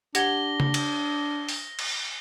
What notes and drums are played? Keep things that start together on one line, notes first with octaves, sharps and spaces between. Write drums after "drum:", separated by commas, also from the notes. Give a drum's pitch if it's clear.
D4 G4 F#5 G#6 A#6 G7, drum: hi-hat
drum: tom C#3
drum: cymbal
drum: open hi-hat
drum: cymbal